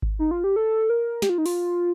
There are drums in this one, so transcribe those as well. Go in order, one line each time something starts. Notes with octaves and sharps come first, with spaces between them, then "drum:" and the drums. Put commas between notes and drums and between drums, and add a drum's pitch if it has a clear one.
drum: kick G#1
D#4
F4
G4
A4
A#4
G4, drum: snare
F4
D#4
F4, drum: open hi-hat